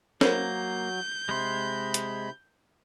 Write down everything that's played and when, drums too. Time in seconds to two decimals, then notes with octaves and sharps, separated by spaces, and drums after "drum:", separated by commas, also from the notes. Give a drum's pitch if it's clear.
0.21 F#3 A#3 A#4 C5 C#5 G6, drum: snare
1.29 C3 G#3 B5 C6
1.94 drum: hi-hat